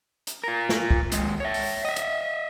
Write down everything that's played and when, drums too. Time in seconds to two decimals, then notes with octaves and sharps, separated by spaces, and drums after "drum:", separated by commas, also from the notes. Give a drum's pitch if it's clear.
0.27 drum: hi-hat
0.44 F4 A#4
0.69 drum: snare
0.91 drum: kick
1.12 D#2 G#3, drum: hi-hat
1.40 C#5 E5
1.54 drum: open hi-hat
1.85 D#5 E5
1.96 drum: hi-hat